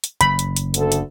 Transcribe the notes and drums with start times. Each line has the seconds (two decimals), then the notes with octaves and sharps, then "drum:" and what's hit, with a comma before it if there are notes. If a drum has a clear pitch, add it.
0.04 drum: hi-hat
0.21 F#1 B5, drum: hi-hat
0.39 drum: hi-hat
0.56 drum: hi-hat
0.74 D2 A4, drum: hi-hat
0.92 drum: hi-hat